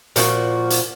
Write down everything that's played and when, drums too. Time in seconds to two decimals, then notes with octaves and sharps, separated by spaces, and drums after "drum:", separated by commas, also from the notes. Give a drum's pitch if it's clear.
0.16 A#2 F3 F#4, drum: hi-hat
0.70 drum: hi-hat